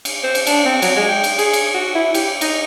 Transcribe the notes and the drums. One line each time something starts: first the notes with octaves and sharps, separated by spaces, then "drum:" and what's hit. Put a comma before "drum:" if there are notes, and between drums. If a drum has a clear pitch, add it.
drum: cymbal
C5
drum: cymbal
D4, drum: cymbal
C4
F#3, drum: cymbal
G#3
G5
drum: cymbal
G#4, drum: cymbal
drum: cymbal
F#4
E4
G4, drum: cymbal
D#4, drum: cymbal